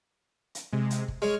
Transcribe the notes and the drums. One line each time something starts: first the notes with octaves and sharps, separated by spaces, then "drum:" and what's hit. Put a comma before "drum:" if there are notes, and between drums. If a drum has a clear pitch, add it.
drum: hi-hat
C3 G#3
drum: hi-hat
drum: kick
G#3 C#5 F6